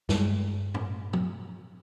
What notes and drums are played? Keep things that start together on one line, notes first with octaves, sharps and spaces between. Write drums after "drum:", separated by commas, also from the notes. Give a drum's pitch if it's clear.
G2 G3 G#3, drum: snare
drum: tom
drum: tom